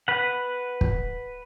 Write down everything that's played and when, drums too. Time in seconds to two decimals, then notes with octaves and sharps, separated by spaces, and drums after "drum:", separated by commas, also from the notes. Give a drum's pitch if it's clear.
0.08 B4 F#5
0.81 drum: kick